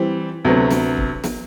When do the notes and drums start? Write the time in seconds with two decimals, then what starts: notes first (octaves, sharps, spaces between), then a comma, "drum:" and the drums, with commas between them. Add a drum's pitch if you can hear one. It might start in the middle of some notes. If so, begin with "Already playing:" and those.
Already playing: E3 G3 C4
0.45 D2 C3 F#3 B3
0.71 drum: snare
0.97 drum: kick
1.24 drum: snare